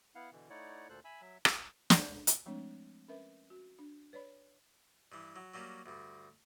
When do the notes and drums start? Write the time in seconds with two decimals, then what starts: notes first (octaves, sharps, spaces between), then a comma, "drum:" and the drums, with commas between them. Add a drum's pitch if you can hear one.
0.15 B3 E4 F5 F#5
0.32 B2 D3 E3
0.50 A3 D#4 E4 C#5 D5 F#5
0.89 D2 A#2 A4 C5 F#6
1.05 E5 G#5 B5 E6
1.21 F#3 E5
1.45 drum: rim click
1.90 drum: snare
2.27 drum: hi-hat
2.46 F3 G#3 A3 C4 D4 C#5
3.08 C#4 A#4 B4 E5
3.50 F#4
3.79 D4
4.13 B4 C#5 D5 B5
5.12 G2 E3
5.36 F#3
5.54 F#3 G3 A#3 C#4
5.86 D2 G2